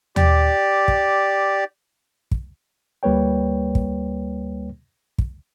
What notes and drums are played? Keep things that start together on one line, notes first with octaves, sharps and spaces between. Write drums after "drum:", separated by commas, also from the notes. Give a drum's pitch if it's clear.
G4 D5, drum: tom D#2
drum: kick
drum: kick
D2 G3 A#3 B4 C#5 G5
drum: kick
drum: kick